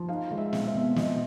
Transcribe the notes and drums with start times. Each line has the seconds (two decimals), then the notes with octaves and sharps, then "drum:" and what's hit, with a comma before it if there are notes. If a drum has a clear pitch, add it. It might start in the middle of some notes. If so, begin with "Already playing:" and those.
Already playing: F3
0.09 D#4 F5
0.31 G#3
0.38 E5
0.53 C4, drum: snare
0.67 E5
0.74 B2
0.96 F3 D#5, drum: snare